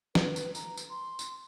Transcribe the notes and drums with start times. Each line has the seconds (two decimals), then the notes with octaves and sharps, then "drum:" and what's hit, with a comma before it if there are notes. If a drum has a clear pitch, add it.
0.15 B4, drum: snare
0.36 drum: tambourine
0.55 A#5, drum: tambourine
0.77 drum: tambourine
0.90 C6
1.19 drum: tambourine